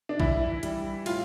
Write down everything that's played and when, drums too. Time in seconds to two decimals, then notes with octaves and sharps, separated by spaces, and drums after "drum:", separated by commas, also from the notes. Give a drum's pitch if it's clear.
0.09 D4
0.20 E3 E4, drum: kick A#1
0.63 G3, drum: hi-hat
1.06 A2 F4, drum: cymbal